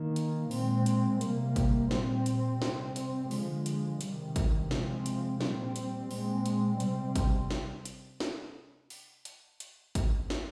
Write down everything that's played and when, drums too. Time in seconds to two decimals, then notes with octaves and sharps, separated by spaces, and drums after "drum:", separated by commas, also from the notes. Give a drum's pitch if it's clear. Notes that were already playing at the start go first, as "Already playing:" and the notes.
Already playing: D#3 A#3
0.16 drum: hi-hat
0.51 A#2 G#3 C4, drum: open hi-hat
0.86 drum: hi-hat
1.21 C3 G3 A#3, drum: hi-hat
1.56 drum: kick G#1, hi-hat
1.91 A#2 G3 C4, drum: snare
2.26 drum: hi-hat
2.62 C3 G3 C4, drum: snare
2.96 drum: hi-hat
3.31 D3 F3 G#3, drum: open hi-hat
3.66 drum: hi-hat
4.01 C3 D#3 G3, drum: hi-hat
4.36 drum: kick G#1, hi-hat
4.71 C3 F3 G#3 C4, drum: snare
5.06 drum: hi-hat
5.41 A#2 G3 C4, drum: snare
5.76 drum: hi-hat
6.11 A#2 G#3 C4, drum: open hi-hat
6.46 drum: hi-hat
6.80 C3 G3 C4, drum: hi-hat
7.16 drum: kick G#1, hi-hat
7.50 drum: snare
7.85 drum: hi-hat
8.20 drum: snare
8.90 drum: open hi-hat
9.25 drum: hi-hat
9.60 drum: hi-hat
9.95 drum: kick G#1, hi-hat
10.30 drum: snare